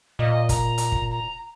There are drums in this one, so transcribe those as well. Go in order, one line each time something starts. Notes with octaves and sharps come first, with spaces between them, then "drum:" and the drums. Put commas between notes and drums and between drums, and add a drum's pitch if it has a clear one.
A#2 D#5
A#5, drum: kick, hi-hat
drum: hi-hat
drum: kick
A#5